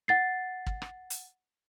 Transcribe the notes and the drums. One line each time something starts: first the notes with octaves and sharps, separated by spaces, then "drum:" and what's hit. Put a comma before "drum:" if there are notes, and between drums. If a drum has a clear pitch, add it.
F#5 A6 C7
drum: kick
drum: rim click
drum: hi-hat